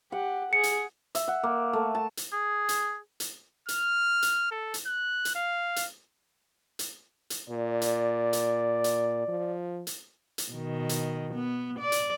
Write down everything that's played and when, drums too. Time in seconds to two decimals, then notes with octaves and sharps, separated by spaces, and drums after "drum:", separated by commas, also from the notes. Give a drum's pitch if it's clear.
0.12 G4 F#5
0.53 G#4 C#7
0.63 drum: hi-hat
1.15 E5, drum: hi-hat
1.28 F#5
1.43 A#3
1.73 A3
1.95 A5
2.17 drum: hi-hat
2.33 G#4
2.69 drum: hi-hat
3.20 drum: hi-hat
3.68 F6, drum: hi-hat
4.22 drum: hi-hat
4.51 A4
4.74 drum: hi-hat
4.86 F#6
5.25 drum: hi-hat
5.35 F5
5.76 drum: hi-hat
6.79 drum: hi-hat
7.30 drum: hi-hat
7.50 A#2 D5
7.82 drum: hi-hat
8.33 drum: hi-hat
8.84 drum: hi-hat
9.28 F3
9.87 drum: hi-hat
10.38 drum: hi-hat
10.51 B2 D#3
10.89 drum: hi-hat
11.34 B3
11.80 D5
11.92 drum: hi-hat